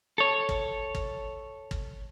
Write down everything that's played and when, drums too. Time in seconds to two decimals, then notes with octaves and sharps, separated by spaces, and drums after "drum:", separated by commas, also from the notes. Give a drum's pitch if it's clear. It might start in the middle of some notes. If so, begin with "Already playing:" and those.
0.18 A4 C#5
0.49 drum: kick
0.95 drum: kick
1.71 drum: kick